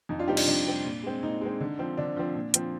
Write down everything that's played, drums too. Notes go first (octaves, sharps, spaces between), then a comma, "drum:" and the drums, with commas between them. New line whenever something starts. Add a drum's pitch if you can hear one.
F2 D#4
D4 F4
C3 G3 C4 D#4 G4
D4 F4, drum: cymbal
F2 D4
C3 G3 C4
A#2
G#3 C4
A#2 D#4
G#3 C4
D3
F3 C4
D3 D4
F3 C4
A#2
F3 C4, drum: hi-hat